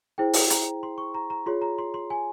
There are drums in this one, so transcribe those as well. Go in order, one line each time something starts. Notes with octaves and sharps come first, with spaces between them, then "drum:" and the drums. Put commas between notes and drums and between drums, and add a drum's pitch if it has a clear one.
E4 G#4 C5 G5
drum: open hi-hat
A#5, drum: hi-hat
C6
C#6
A#5
A#5
F4 G#4 C#5 C6
A#5
C6
C6
G#5